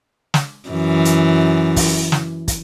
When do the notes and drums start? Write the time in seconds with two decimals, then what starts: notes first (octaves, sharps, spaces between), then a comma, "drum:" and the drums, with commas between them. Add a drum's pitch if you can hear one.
0.34 drum: snare
0.69 F#2 E3
1.05 drum: hi-hat
1.76 drum: kick, open hi-hat
2.12 drum: snare
2.48 drum: kick, hi-hat